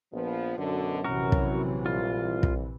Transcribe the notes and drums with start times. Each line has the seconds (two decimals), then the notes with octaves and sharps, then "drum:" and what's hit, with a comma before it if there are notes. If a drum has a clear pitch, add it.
0.13 A#1 F3 B3
0.58 F#2 B2 D3
1.04 A#1 C3 E3 F#3 F#4 A#4
1.32 drum: kick
1.86 C2 F4
2.43 drum: kick